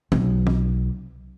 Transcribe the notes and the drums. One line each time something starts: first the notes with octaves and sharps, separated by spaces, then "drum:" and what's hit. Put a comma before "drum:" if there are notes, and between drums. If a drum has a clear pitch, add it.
B1, drum: tom
drum: tom